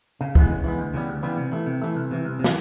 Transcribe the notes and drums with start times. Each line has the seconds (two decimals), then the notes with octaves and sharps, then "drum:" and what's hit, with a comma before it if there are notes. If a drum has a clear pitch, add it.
0.21 C#3
0.35 E3 G#3 B3, drum: kick
0.50 C#3
0.64 E3 G#3 B3
0.79 D2
0.94 C#3 E3 G3 B3
1.08 D2
1.23 C#3 E3 G3 B3
1.37 C3
1.52 E3 A3
1.66 C3
1.82 E3 A3
1.95 C2
2.11 C3 E3
2.25 C2
2.39 C3
2.44 E3, drum: snare